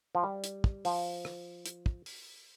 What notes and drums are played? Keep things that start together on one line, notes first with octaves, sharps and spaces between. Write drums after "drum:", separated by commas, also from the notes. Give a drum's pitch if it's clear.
F3
G3
drum: hi-hat
drum: kick
F3, drum: open hi-hat
drum: rim click
drum: hi-hat
drum: kick
drum: open hi-hat